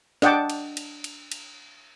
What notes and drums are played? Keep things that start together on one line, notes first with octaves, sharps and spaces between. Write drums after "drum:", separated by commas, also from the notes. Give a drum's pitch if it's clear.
D4 D#5 F#5 G5 A5 D6, drum: snare
drum: cymbal
drum: cymbal
drum: cymbal
drum: cymbal